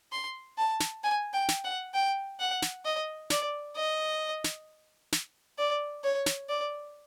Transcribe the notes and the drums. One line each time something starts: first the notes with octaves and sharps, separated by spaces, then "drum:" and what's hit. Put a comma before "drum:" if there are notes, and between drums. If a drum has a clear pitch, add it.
C6
A5
drum: snare
G#5
G5
drum: snare
F#5
G5
F#5
drum: snare
D#5
D5, drum: snare
D#5
drum: snare
drum: snare
D5
C#5
drum: snare
D5